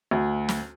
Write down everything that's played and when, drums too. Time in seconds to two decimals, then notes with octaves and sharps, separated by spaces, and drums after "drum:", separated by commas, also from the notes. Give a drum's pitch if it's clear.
0.11 D2
0.49 drum: snare